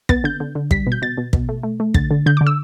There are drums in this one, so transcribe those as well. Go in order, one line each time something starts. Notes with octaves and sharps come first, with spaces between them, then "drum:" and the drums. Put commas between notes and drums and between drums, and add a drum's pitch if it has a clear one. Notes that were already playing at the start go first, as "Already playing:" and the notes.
B3 A6, drum: kick
D3 G6
D3
D3
G3 B6, drum: kick
B2
G6
B2 A6
B2
B2, drum: kick
A3
A3
A3
D3 A6, drum: kick
D3
D3 G6
D3 D6
E6